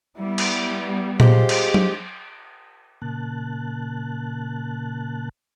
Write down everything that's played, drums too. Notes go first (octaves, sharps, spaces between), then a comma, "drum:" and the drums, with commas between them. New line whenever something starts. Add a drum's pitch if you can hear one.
G3 B3 E4
drum: cymbal
G#3 F4 G4 C5, drum: tom A#2
drum: cymbal
drum: tom
A#2 C#3 A#3 A5 F#6